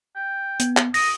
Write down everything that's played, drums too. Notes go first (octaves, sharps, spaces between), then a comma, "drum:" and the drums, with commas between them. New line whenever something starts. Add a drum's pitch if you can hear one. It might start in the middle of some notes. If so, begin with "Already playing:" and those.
G5
B3, drum: hi-hat
drum: clap
D#6 A#6, drum: open hi-hat